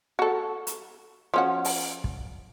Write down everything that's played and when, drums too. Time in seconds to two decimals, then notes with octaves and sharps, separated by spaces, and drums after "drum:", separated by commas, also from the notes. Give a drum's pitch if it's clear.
0.19 F#4 A4
0.67 drum: hi-hat
1.34 F3 C#4 F#4
1.65 drum: open hi-hat
2.04 drum: kick